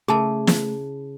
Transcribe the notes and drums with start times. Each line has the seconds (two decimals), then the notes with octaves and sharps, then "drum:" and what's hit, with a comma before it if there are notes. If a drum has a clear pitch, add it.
0.08 C#3 A3 E4 G#4 A5
0.47 drum: snare